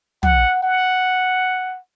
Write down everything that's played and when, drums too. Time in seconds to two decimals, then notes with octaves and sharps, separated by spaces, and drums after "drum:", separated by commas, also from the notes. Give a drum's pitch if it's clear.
0.23 F#5, drum: tom
0.63 F#5